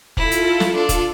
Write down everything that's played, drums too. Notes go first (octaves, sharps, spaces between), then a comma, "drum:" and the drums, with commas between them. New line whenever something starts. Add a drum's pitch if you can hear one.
E4 F4 A4, drum: kick
drum: hi-hat
drum: snare
D4 F4 A4
drum: kick, hi-hat